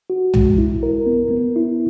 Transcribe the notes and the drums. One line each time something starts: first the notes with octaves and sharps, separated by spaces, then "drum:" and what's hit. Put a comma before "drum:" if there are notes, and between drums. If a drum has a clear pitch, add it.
F#4
G#3, drum: tom B1
E4
A#4
B3
B3
E4